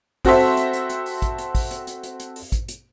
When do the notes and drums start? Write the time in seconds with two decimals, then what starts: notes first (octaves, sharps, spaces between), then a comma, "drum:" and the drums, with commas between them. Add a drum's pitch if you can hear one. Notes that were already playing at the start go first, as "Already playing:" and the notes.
0.25 C4 F#4 A4 C5 E5, drum: kick A1, open hi-hat
0.57 drum: hi-hat
0.73 drum: hi-hat
0.90 drum: hi-hat
1.06 drum: open hi-hat
1.22 drum: kick A1, hi-hat
1.38 drum: hi-hat
1.55 drum: kick A1, open hi-hat
1.71 drum: hi-hat
1.87 drum: hi-hat
2.03 drum: hi-hat
2.20 drum: hi-hat
2.36 drum: open hi-hat
2.52 drum: kick A1, hi-hat
2.68 drum: hi-hat